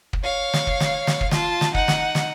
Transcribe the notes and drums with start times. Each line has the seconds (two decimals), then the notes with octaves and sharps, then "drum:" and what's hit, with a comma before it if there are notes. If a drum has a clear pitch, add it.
0.13 drum: kick
0.23 C#5 F5
0.53 drum: snare
0.67 drum: kick
0.80 drum: snare
1.07 drum: snare
1.21 drum: kick
1.31 F4 A5, drum: snare
1.61 drum: snare
1.74 D#4 F#5, drum: kick
1.88 drum: snare
2.15 drum: snare